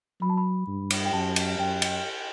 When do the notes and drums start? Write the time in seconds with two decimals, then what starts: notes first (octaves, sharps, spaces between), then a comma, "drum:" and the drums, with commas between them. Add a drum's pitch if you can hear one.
0.21 F#3 B5
0.30 A5
0.37 B5
0.67 G2
0.90 drum: cymbal
1.05 G5
1.13 F#2 A5
1.36 drum: cymbal
1.58 F#2 G5
1.82 drum: cymbal